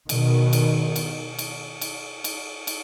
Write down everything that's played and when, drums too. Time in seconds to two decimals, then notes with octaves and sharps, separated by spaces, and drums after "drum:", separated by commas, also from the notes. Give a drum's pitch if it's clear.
0.09 B2 D#3, drum: cymbal
0.53 drum: cymbal
0.96 drum: cymbal
1.39 drum: cymbal
1.81 drum: cymbal
2.24 drum: cymbal
2.67 drum: cymbal